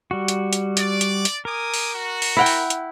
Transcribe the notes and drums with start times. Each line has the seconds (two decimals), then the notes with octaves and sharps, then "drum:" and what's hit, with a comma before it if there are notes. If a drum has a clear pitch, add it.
0.11 G3 F#4
0.28 drum: hi-hat
0.53 drum: hi-hat
0.77 D5, drum: hi-hat
1.01 drum: hi-hat
1.25 drum: hi-hat
1.45 A#4 G#5 D6 D#6
1.74 drum: open hi-hat
1.93 F#4
2.22 drum: open hi-hat
2.37 E4 F#5 G5
2.46 drum: open hi-hat
2.70 drum: hi-hat